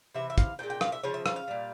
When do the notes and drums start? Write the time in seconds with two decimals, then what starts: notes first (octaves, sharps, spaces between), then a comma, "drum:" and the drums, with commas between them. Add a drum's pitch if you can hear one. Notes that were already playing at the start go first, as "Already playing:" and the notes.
0.15 C3 E3 E5
0.30 E5
0.38 F5, drum: kick, hi-hat
0.59 A#2 G#3 G5
0.70 G5
0.81 F5, drum: rim click
0.92 E5
1.03 C#3 F3 C#5
1.14 E5
1.26 F5, drum: rim click
1.36 F5
1.48 A#2 G3